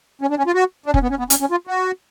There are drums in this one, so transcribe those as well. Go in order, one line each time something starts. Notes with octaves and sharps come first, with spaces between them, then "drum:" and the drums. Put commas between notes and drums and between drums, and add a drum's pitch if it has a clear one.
C#4
D4
C#4
F4
F#4
D4
C#4, drum: kick F1
B3
C#4
B3
C#4, drum: hi-hat
C#4
F4
F#4